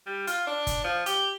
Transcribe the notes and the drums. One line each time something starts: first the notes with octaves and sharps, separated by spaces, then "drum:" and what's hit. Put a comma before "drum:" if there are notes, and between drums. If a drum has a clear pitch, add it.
G3
F4, drum: hi-hat
D4
drum: kick, hi-hat
F3
G4, drum: hi-hat